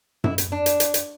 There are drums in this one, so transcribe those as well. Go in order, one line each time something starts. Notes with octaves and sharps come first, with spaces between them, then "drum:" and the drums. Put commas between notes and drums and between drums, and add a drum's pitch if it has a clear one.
E4, drum: tom F#2
drum: hi-hat
D4
drum: hi-hat
drum: hi-hat
drum: hi-hat